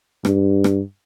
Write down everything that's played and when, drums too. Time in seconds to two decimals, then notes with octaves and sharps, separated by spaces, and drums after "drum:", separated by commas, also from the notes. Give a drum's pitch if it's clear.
0.25 G2, drum: rim click
0.64 drum: rim click